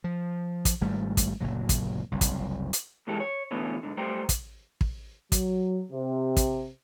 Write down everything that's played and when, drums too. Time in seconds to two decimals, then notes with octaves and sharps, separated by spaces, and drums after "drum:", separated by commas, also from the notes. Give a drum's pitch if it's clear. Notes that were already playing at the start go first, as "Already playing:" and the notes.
0.04 F3
0.65 drum: kick, hi-hat
0.81 G#1 G#2 G3 A3
1.17 drum: kick, hi-hat
1.40 F#1 D2 A#2 F#3
1.69 drum: kick, hi-hat
2.12 F#1 C2
2.21 drum: kick, hi-hat
2.73 drum: hi-hat
3.07 C#2 G2 E3 G#3 G4 A4
3.20 C#5
3.51 B2 D3 E3 A3 C#4
3.83 B1 G#2 D3
3.97 F#3 G3 A3 C5 G5 A#5
4.29 drum: kick, hi-hat
4.81 drum: kick
5.32 F#3, drum: kick, hi-hat
5.91 C3
6.37 drum: kick, hi-hat